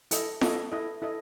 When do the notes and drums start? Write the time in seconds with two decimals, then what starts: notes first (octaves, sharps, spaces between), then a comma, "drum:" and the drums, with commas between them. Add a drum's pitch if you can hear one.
0.11 E4 A4 D#5, drum: hi-hat
0.41 E4 A4 D#5, drum: snare
0.72 E4 A4 D#5
1.02 E4 A4 D#5